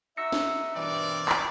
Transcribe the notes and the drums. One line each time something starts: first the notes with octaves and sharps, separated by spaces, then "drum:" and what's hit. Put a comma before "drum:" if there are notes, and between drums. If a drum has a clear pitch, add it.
D#4 F#4 E5 E6 A#6 C#7
drum: snare
G2 B2 E3 C4 A#4 D5
drum: clap